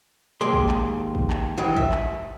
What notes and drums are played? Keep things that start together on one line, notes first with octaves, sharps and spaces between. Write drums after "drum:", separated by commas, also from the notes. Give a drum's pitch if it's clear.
D#2 G#3 G#4 D5 C6
drum: kick
drum: clap
drum: kick
drum: clap
D#3 E3 F#3 G3
E5, drum: kick
drum: clap